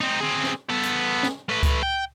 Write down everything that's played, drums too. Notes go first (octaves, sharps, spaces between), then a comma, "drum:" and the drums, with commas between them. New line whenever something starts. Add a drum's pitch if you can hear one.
C4 D#4
C4 G#4
drum: snare C#4
B3 A4
drum: hi-hat
drum: snare C#4
A3 B4
drum: kick C#2, hi-hat
G5